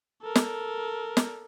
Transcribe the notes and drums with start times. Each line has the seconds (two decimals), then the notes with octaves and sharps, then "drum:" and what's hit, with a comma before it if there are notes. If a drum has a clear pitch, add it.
0.22 A4 A#4
0.35 drum: snare
1.17 drum: snare